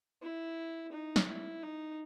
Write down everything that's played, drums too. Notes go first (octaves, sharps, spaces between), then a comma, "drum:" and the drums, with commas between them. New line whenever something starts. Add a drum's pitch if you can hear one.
E4
D#4
drum: snare
E4
D#4